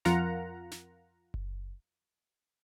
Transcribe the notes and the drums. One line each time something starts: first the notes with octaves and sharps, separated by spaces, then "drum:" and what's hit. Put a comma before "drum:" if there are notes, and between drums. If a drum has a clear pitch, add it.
F2 F4 A#4 F#5 A#5, drum: snare
drum: snare
drum: kick F#1